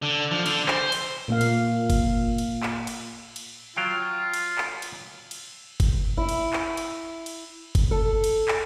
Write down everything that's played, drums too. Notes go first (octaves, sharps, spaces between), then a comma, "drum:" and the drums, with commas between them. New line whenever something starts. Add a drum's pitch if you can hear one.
D3
F3
D3, drum: cymbal
C5, drum: clap
drum: cymbal
A#2 A#3 F5
drum: cymbal
drum: kick G1, cymbal
drum: cymbal
drum: clap
drum: cymbal
drum: cymbal
F#3 F4 F5 G5
drum: cymbal
drum: clap
drum: cymbal
drum: cymbal
drum: kick G1, cymbal
E4
drum: cymbal
drum: clap
drum: cymbal
drum: cymbal
drum: kick G1, cymbal
A4
drum: cymbal
drum: clap